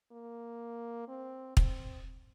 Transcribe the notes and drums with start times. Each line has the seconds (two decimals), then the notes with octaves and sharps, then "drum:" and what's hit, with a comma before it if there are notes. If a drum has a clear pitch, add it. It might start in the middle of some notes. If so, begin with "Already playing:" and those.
0.12 A#3
1.08 C4
1.57 C4, drum: kick